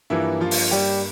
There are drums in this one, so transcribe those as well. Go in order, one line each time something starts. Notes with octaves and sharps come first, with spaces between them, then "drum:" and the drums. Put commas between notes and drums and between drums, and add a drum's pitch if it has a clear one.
G2 E3 F3 A#3 E4
F3 F4
drum: open hi-hat
G3 G4